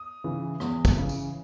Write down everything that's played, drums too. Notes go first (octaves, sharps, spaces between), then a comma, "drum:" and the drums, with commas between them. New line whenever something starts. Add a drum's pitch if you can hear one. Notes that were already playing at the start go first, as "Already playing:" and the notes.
Already playing: D#6
C#3 E3
E2, drum: rim click
drum: kick, tambourine
C#3 E3
drum: tambourine